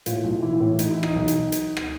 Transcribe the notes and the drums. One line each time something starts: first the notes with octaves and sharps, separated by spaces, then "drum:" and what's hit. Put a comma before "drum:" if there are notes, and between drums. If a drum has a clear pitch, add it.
A2 F4, drum: hi-hat
B1
E3 E4
A2
E3 D#4, drum: hi-hat
E4
E3
D#4, drum: rim click
B1
drum: hi-hat
drum: hi-hat
drum: rim click